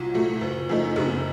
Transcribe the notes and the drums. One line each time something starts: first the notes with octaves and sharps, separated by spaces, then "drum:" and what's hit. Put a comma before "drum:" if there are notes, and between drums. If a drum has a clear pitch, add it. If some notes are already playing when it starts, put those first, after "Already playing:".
Already playing: C2 A#2 F#3
A#2 F#3 A3
F#1
F#2 F3 A3 D#4
F#1, drum: tom